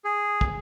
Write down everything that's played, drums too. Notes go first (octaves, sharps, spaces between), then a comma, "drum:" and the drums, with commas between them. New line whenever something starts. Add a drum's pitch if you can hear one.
G#4
drum: kick